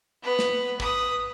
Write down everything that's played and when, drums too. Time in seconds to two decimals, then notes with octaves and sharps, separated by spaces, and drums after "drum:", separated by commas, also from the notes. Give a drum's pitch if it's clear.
0.23 B3 B4
0.39 drum: snare
0.80 B4 D#6, drum: kick